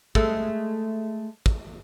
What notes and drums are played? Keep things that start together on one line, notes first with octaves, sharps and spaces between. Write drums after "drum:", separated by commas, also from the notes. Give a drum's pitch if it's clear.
G#3 A3 A4, drum: kick
drum: kick